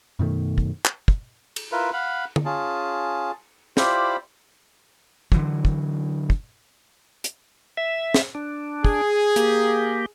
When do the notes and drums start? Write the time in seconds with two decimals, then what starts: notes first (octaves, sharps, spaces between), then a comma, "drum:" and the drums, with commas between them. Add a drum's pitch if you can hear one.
0.19 F#2 B2 D#3 A3
0.58 drum: kick
0.85 drum: clap
1.08 drum: kick
1.56 drum: cymbal
1.72 E4 F4 A#4 B4
1.93 F5 F#5 B5
2.36 drum: tom
2.45 C#4 F4 G#4 A5
3.77 E4 F4 G4 C5 D5 B5, drum: snare
5.32 D3 E3 F#3, drum: kick
5.65 drum: kick
6.30 drum: kick
7.24 drum: hi-hat
7.77 E5
8.14 drum: snare
8.35 D4
8.85 G#4, drum: kick
9.36 A#3 G4, drum: hi-hat